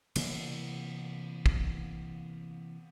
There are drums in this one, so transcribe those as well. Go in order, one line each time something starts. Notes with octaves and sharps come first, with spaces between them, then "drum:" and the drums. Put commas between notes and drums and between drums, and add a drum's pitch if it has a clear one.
C3 E3 A#3 B3, drum: cymbal
drum: kick